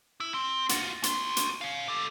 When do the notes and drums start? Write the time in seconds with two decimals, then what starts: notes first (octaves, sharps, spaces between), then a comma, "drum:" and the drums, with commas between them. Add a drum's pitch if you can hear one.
0.20 E4
0.34 C4
0.69 F4 F#4, drum: hi-hat
1.03 F#4 C6, drum: hi-hat
1.37 drum: hi-hat
1.61 C#5 F5
1.88 G4 A4